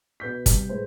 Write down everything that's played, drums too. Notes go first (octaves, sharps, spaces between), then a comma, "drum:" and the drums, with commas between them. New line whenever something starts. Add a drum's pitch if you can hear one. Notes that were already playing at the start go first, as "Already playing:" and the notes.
B2 B4 G6 B6
C3 G3, drum: kick, hi-hat
A2 G#3 B4 C5